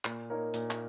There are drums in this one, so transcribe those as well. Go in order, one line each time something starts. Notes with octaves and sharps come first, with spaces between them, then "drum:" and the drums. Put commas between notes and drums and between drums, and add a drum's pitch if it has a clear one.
A#2, drum: clap
A#3 D#4 A#4 C#5
A#2, drum: hi-hat
drum: clap